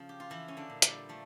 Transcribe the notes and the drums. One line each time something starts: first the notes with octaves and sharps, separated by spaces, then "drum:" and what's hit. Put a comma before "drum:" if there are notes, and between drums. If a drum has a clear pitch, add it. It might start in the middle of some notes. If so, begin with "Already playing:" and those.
Already playing: C#3 F3
G4
F4
E3 F3 E4
C#4
D3 D4
A#2
G3 G4, drum: hi-hat
F3 A3